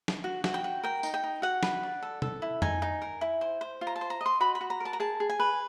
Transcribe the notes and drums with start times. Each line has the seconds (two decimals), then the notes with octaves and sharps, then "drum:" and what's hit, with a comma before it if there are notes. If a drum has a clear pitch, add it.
0.08 drum: snare
0.24 F#4
0.44 F#4, drum: snare
0.54 G5
0.64 F#4
0.83 A#4 G5
1.03 D#4, drum: tambourine
1.14 G5
1.24 D#4
1.42 F#4 F#5
1.63 B4, drum: snare
1.83 D5
2.02 A4
2.22 A4, drum: tom B2
2.42 E4
2.62 D#4 G#5, drum: tom F2
2.82 D#4
3.02 A#4
3.21 E4
3.41 C5
3.61 C5
3.81 F4
3.87 A#5
3.96 A5
4.01 C5
4.10 A#5
4.21 D#5 C6
4.40 F#4 B5
4.55 B5
4.61 F#4
4.70 A#5
4.80 A#4 A5
4.93 A#5
5.00 G#4 A5
5.20 G#4
5.30 G#5
5.40 B4